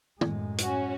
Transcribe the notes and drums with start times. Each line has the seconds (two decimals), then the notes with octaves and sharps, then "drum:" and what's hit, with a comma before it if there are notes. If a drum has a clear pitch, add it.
0.21 F#2 A2 G#3, drum: tom
0.58 C#4 F#4, drum: hi-hat